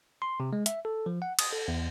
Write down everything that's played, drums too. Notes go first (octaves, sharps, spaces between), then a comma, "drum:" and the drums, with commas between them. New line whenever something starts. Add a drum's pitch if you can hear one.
C6
C3
G#3
E5, drum: hi-hat
A4
F3
F#5
D#6, drum: cymbal
A4
E2